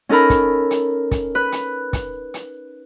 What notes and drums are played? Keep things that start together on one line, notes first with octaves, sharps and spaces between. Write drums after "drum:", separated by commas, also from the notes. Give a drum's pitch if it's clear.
C#4 D#4 A4 A#4 B5
drum: kick, hi-hat
drum: hi-hat
drum: kick, hi-hat
B4
drum: hi-hat
drum: kick, hi-hat
drum: hi-hat